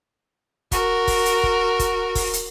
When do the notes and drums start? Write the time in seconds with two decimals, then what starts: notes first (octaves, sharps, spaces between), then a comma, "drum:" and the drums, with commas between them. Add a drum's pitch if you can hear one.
0.72 F#4 A#4, drum: kick, hi-hat
1.08 drum: kick, open hi-hat
1.25 drum: hi-hat
1.43 drum: kick
1.79 drum: kick, hi-hat
2.15 drum: kick, open hi-hat
2.33 drum: hi-hat